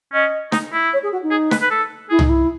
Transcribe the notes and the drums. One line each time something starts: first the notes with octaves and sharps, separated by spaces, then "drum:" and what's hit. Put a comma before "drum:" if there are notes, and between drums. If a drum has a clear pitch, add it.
C#4 D#5
D#4, drum: snare
E4
C#5
G#4
F#4
D#4
G#4
B4, drum: snare
B4
A4
E4 G#4
D#4, drum: tom
E4